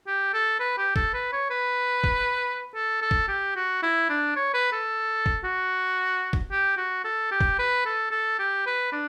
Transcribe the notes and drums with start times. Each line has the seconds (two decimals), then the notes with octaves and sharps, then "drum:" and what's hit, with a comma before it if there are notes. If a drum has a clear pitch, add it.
0.07 G4
0.34 A4
0.60 B4
0.78 G4
0.96 A4, drum: kick
1.14 B4
1.33 C#5
1.50 B4
2.04 drum: kick
2.75 A4
3.02 A4
3.11 drum: kick
3.29 G4
3.56 F#4
3.83 E4
4.10 D4
4.36 C#5
4.54 B4
4.73 A4
5.26 drum: kick
5.44 F#4
6.33 drum: kick
6.52 G4
6.77 F#4
7.04 A4
7.32 G4
7.41 drum: kick
7.59 B4
7.86 A4
8.12 A4
8.39 G4
8.66 B4
8.92 D4